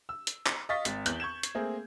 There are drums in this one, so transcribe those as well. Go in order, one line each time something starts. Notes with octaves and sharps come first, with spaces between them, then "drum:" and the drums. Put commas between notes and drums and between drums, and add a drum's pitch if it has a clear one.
E6
drum: hi-hat
drum: clap
D#5 F5 C#6 A6 B6
G#1, drum: hi-hat
E2 G6 F#7, drum: hi-hat
C#6 G#6 E7
drum: hi-hat
A3 A#3 C4 G#4